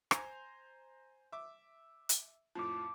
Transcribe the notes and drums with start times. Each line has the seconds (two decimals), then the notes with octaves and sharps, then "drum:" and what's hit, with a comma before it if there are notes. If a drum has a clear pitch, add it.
0.11 C5 G#5 A#5, drum: rim click
1.32 E5 D6
2.09 drum: hi-hat
2.55 F2 A2 F3 A5 D6